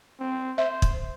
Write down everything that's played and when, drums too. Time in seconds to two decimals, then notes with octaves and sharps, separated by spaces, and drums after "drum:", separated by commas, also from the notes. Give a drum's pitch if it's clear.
0.20 C4
0.58 C5 E5
0.82 drum: kick